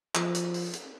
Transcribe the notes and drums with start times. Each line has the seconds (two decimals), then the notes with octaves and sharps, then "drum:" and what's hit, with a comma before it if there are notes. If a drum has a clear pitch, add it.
0.15 F3, drum: clap
0.35 drum: hi-hat
0.54 drum: open hi-hat
0.73 drum: hi-hat